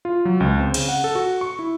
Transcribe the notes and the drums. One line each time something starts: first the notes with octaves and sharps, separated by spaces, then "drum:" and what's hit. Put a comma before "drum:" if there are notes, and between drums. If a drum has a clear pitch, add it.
F4
F#3
C#2
C4
C#3, drum: cymbal
F#5
A4
F#4
C#6
E4